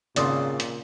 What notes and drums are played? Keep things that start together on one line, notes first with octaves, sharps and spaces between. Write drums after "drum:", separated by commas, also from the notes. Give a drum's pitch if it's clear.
G#1 A#2 C#3 D5 C6 D#6, drum: hi-hat
drum: hi-hat